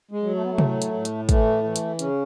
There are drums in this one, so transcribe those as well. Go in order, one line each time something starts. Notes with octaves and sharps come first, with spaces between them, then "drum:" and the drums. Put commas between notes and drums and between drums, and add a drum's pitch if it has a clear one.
G#3
F#3
A3
B3
A3
A2, drum: tom C3
drum: hi-hat
A2
drum: hi-hat
E3 A3, drum: kick, hi-hat
E3
drum: hi-hat
C#3 C#4, drum: hi-hat